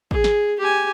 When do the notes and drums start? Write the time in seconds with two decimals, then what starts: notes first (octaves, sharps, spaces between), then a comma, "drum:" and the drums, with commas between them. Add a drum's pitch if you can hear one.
0.11 G#4, drum: kick
0.24 drum: snare
0.60 G4 G#5